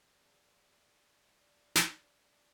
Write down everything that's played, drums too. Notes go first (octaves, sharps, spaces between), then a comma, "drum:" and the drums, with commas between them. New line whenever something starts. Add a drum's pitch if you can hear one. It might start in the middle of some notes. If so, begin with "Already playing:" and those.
Already playing: E2 E3
D4
D4
drum: snare
D4